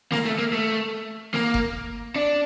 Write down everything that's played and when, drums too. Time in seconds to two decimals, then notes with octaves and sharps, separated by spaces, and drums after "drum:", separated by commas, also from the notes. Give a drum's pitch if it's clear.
0.12 A#3, drum: snare
0.25 A3
0.39 A#3
0.53 A3
1.34 A#3, drum: snare
1.54 drum: kick F#1
2.16 D4